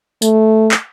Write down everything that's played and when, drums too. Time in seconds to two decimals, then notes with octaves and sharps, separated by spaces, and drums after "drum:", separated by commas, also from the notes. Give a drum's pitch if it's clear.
0.22 A3, drum: tambourine
0.71 drum: clap